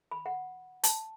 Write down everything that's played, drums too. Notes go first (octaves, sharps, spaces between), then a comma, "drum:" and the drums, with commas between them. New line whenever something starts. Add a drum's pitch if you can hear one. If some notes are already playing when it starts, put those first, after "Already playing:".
B5
F#5
A5, drum: hi-hat